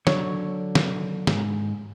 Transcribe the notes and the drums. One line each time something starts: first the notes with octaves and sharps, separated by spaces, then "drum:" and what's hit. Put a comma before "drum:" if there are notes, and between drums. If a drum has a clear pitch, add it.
D3 F#3 C#5, drum: snare
drum: snare
G#2, drum: snare